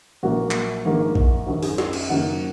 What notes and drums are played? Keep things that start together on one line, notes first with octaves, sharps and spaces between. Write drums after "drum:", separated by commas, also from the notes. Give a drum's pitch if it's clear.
A#1 A#2 F#3 A#3 F#4
drum: clap
A#1 G#2 D#3 A#3
drum: kick
F#1 F#2 D#3 F#4
G#4, drum: open hi-hat
D#5, drum: snare
drum: cymbal
F#1 F#2 D#3 F#3 A#3 F#5